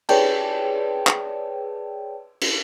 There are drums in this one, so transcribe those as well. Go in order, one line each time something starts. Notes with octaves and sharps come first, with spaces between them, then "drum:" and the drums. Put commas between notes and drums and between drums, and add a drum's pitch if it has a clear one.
G#4 B4 C#5 D5 G5 A5, drum: cymbal
drum: clap
drum: cymbal